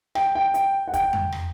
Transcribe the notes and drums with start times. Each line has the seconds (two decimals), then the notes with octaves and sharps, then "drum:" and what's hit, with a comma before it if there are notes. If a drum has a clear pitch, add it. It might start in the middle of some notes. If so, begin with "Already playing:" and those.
0.15 G5, drum: rim click
0.35 G5
0.54 G5, drum: hi-hat
0.88 F#5
0.94 G5, drum: kick, hi-hat
1.13 drum: tom F2
1.32 drum: rim click